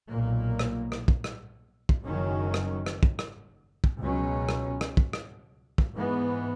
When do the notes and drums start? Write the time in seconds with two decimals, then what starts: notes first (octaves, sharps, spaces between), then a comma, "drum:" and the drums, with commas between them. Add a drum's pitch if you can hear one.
0.11 B1 A#2 A#3
0.59 drum: rim click
0.92 drum: rim click
1.08 drum: kick
1.24 drum: rim click
1.89 drum: kick
2.05 F#1 F#2 D#3 F#3 C#4
2.54 drum: rim click
2.86 drum: rim click
3.03 drum: kick
3.19 drum: rim click
3.84 drum: kick
4.00 C#2 B2 F#3 C#4
4.49 drum: rim click
4.81 drum: rim click
4.97 drum: kick
5.13 drum: rim click
5.78 drum: kick
5.94 G#2 E3 B3